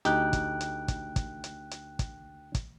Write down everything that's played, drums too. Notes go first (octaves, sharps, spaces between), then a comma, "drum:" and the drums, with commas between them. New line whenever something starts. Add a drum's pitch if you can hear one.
D2 D#4 G4 G5 F#6, drum: hi-hat
drum: kick, hi-hat
drum: hi-hat
drum: kick, hi-hat
drum: kick, hi-hat
drum: hi-hat
drum: hi-hat
drum: kick, hi-hat
drum: kick, hi-hat